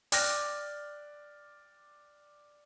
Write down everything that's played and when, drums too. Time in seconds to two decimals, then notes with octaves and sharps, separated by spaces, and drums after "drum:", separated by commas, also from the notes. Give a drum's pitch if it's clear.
0.12 D5 G5 D6 F6 F#6 A#6, drum: open hi-hat